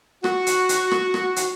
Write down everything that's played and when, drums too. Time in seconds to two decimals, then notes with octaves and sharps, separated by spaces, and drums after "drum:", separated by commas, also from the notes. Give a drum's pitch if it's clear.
0.24 F#4, drum: rim click
0.47 drum: hi-hat
0.69 drum: hi-hat
0.91 drum: rim click
1.14 drum: rim click
1.36 drum: hi-hat